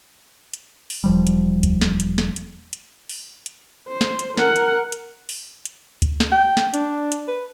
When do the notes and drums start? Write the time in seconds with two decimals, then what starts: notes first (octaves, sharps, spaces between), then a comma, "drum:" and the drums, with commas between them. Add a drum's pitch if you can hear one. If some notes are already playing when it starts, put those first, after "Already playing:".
0.53 drum: hi-hat
0.90 drum: open hi-hat
1.04 E1 F3 G3
1.27 drum: hi-hat
1.63 drum: kick D2, hi-hat
1.81 drum: snare
2.00 drum: hi-hat
2.18 drum: snare
2.36 drum: hi-hat
2.73 drum: hi-hat
3.09 drum: open hi-hat
3.46 drum: hi-hat
3.88 C5
4.01 drum: snare
4.19 drum: hi-hat
4.37 A#4 F#5, drum: snare
4.56 drum: hi-hat
4.92 drum: hi-hat
5.29 drum: open hi-hat
5.65 drum: hi-hat
6.02 drum: kick D2, hi-hat
6.20 drum: snare
6.32 G5
6.57 drum: snare
6.74 D4, drum: hi-hat
7.12 drum: hi-hat
7.28 B4